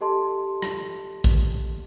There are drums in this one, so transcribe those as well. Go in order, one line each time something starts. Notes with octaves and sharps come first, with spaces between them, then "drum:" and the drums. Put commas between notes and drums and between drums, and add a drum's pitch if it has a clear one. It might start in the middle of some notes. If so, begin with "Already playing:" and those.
G4 A4 D#5 A5 C6
drum: rim click
drum: kick